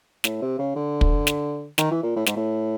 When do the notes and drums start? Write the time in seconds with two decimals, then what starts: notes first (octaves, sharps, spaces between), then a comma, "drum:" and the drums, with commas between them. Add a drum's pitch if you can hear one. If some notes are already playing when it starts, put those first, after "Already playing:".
0.24 A2, drum: snare
0.42 C3
0.59 C#3
0.76 D3
1.01 drum: kick
1.27 drum: snare
1.78 D#3, drum: snare
1.91 E3
2.03 A#2
2.16 A2
2.26 G#2, drum: snare
2.36 A2